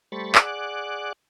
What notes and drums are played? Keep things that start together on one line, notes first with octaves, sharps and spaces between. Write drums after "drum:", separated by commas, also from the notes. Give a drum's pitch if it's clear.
G3 A3 C5 B5 C#6 A6
G#4 D5 F#5 D6 F#6, drum: clap